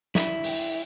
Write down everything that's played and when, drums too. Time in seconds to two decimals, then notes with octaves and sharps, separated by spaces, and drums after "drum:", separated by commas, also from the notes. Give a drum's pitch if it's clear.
0.15 E4, drum: snare
0.44 drum: open hi-hat